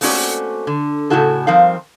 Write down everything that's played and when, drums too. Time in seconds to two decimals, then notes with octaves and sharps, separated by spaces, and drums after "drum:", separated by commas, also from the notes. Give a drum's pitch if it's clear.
0.01 A3 A#3 C4 C#4 F#4 D5, drum: open hi-hat
0.67 D3
1.10 A2 C#3 A#3 E4 F#4 A4
1.47 F3 G3 C4 D#4 A#4 F5